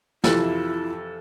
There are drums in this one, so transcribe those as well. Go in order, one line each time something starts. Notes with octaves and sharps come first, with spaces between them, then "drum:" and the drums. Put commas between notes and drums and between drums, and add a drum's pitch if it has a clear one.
F2 C3 E3 E4 F4 A4, drum: snare